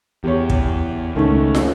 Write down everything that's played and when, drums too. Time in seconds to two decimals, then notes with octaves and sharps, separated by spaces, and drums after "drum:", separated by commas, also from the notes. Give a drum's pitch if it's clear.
0.24 E2 G4 C#5
0.50 drum: kick
1.15 C#2 D#3 A3 C#4
1.55 drum: snare